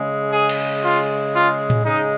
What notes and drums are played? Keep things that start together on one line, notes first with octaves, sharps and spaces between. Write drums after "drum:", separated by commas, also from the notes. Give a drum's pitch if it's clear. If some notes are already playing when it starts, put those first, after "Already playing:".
Already playing: C#3 G#3
G#4
drum: cymbal
F4
F4
drum: tom A2
C#3 G#3 D#4